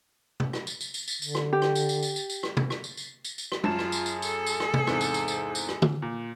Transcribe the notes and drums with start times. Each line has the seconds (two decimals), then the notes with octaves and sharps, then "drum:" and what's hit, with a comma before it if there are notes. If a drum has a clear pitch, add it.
0.40 drum: tom C3
0.53 drum: rim click
0.67 drum: tambourine
0.81 drum: tambourine
0.94 drum: tambourine
1.08 drum: tambourine
1.22 D3, drum: tambourine
1.35 drum: rim click
1.53 G4
1.62 drum: rim click
1.75 drum: tambourine
1.89 drum: tambourine
2.03 drum: tambourine
2.16 drum: tambourine
2.30 drum: tambourine
2.43 drum: rim click
2.57 drum: tom C3
2.70 drum: rim click
2.84 drum: tambourine
2.97 drum: tambourine
3.25 drum: tambourine
3.38 drum: tambourine
3.52 drum: rim click
3.64 F#2 F4 G#4 A5 E7, drum: tom
3.79 drum: rim click
3.92 drum: tambourine
4.06 drum: tambourine
4.22 A4, drum: tambourine
4.47 drum: tambourine
4.60 drum: rim click
4.74 drum: tom C3
4.87 E2 G#2 C3, drum: rim click
5.01 drum: tambourine
5.14 drum: tambourine
5.28 drum: tambourine
5.55 drum: tambourine
5.69 drum: rim click
5.82 drum: tom
6.02 A#2